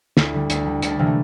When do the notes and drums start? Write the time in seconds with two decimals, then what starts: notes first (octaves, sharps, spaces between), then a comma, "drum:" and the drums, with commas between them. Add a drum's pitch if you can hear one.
0.17 D2 E4, drum: snare
0.33 D3 G3
0.50 D2, drum: hi-hat
0.66 D3 G3
0.82 D2 E4, drum: hi-hat
0.90 D4
0.99 C3 E3 G3 A#3
1.07 A3